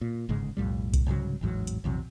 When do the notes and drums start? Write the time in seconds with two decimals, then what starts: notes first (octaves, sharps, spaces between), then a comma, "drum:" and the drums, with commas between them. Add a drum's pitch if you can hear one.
0.01 A#2
0.29 G1 G#2 C#3 G#3
0.57 B1 F2 A2 G3
0.94 drum: kick C2, hi-hat
1.07 C2 G#2 C#3 F#3
1.41 A1 E2 G#2 F#3
1.67 drum: hi-hat
1.84 A#1 E2 C3 F#3